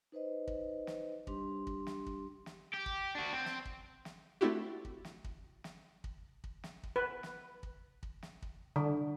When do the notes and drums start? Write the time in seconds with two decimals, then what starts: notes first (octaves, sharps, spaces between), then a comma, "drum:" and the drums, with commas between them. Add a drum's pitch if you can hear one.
0.12 D#4 B4 C5 D#5
0.47 drum: kick
0.87 drum: snare
1.27 G3 D4 G4 C6, drum: kick
1.67 drum: kick
1.87 drum: snare
2.06 drum: kick
2.46 drum: snare
2.73 G4
2.86 drum: kick
3.15 D4 F#4
3.33 C4
3.46 drum: snare
3.65 drum: kick
4.05 drum: snare
4.41 A3 C4 D4 E4 F#4 G4
4.85 drum: kick
5.05 drum: snare
5.24 drum: kick
5.64 drum: snare
6.04 drum: kick
6.44 drum: kick
6.64 drum: snare
6.83 drum: kick
6.96 B4
7.23 drum: snare
7.63 drum: kick
8.03 drum: kick
8.23 drum: snare
8.42 drum: kick
8.76 D3